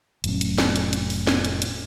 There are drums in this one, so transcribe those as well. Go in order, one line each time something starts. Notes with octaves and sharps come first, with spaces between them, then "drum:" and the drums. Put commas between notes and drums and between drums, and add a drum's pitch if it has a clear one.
F1 A2 F#3 C#4, drum: hi-hat
drum: hi-hat
drum: snare
drum: hi-hat
drum: hi-hat
drum: open hi-hat
drum: snare
drum: hi-hat
drum: hi-hat